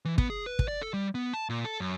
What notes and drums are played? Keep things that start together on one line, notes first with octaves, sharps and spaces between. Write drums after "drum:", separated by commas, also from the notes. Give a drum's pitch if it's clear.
E3
B3, drum: kick
G#4
B4
drum: kick
D5
A4
G3
B3
A5
A#2
A4
F#2